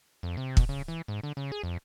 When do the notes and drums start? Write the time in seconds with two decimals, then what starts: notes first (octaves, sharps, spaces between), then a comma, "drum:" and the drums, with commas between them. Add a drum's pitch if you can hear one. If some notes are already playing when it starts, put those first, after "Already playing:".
0.23 F2
0.37 C3
0.57 B2, drum: kick
0.69 C#3
0.88 E3
1.08 G#2
1.23 D3
1.37 C#3
1.52 G#4
1.63 F2